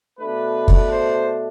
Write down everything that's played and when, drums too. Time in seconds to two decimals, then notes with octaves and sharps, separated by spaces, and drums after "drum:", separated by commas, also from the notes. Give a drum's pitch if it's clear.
0.19 B2 A3 D4 B4
0.68 drum: kick
0.92 C5